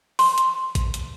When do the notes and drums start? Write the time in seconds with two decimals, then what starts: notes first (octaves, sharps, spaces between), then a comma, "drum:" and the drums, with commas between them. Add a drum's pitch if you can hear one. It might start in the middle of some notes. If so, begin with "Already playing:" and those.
0.19 C6, drum: open hi-hat
0.38 drum: hi-hat
0.75 drum: kick A1, hi-hat
0.94 drum: hi-hat